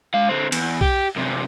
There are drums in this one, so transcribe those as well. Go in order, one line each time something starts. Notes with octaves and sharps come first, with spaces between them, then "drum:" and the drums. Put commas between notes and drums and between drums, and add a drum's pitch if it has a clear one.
G#3 F5
D3 C4
E2, drum: cymbal
G4, drum: kick B1
F#2 C3